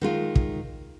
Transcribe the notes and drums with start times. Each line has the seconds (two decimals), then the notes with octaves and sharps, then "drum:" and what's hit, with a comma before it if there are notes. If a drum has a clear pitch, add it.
0.01 D#3 G#3 F4
0.35 drum: kick